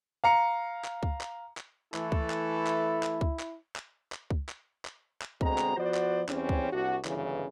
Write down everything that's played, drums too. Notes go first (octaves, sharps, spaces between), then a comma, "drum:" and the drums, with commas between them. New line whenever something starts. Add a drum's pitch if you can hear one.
F5 A#5 C#7
drum: clap
drum: kick C#2
drum: clap
drum: clap
E3 A3 E4 A4, drum: clap
drum: kick C#2
drum: clap
drum: clap
drum: clap
drum: kick C#2
drum: clap
drum: clap
drum: clap
drum: kick C#2
drum: clap
drum: clap
drum: clap
D2 B2 G#3 C4 A#5, drum: kick C#2
drum: clap
F3 B3 F#4 C5 D5
drum: clap
E2 G3 C4 C#4, drum: clap
drum: kick C#2
C2 D4 F#4
G1 F#2 C#3 E3, drum: clap